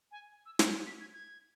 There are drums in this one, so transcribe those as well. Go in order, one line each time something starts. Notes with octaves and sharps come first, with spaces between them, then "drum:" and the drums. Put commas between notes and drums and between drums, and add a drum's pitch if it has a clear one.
G#5
E6
C#6, drum: snare
B6
G#6
G#6